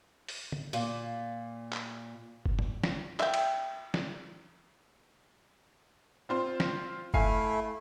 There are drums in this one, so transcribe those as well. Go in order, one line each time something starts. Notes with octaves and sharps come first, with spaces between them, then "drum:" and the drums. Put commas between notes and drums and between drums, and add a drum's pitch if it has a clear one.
drum: open hi-hat
drum: tom D3
A#2, drum: open hi-hat
drum: clap
drum: kick F#1
drum: tom G#2
drum: snare
E5 G5, drum: clap
drum: cymbal
drum: snare
C4 F4 C5
drum: snare
A3 E4 F5 G#5 C7, drum: kick F#1